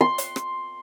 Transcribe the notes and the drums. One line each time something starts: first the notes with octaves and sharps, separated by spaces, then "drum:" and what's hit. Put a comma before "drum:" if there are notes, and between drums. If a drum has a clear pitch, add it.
C6
drum: hi-hat
drum: rim click